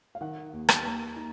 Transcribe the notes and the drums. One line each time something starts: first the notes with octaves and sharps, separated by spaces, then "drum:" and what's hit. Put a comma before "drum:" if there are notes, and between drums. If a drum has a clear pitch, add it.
F5
D#3 F#5
D#2
drum: rim click
A#3
D#4 A#5